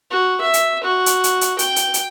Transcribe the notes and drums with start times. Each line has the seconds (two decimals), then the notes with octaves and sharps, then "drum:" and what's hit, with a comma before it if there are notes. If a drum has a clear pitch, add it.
0.10 F#4
0.41 E5
0.54 drum: hi-hat
0.84 F#4
1.06 drum: hi-hat
1.24 drum: hi-hat
1.41 drum: hi-hat
1.59 G5, drum: hi-hat
1.76 drum: hi-hat
1.94 drum: hi-hat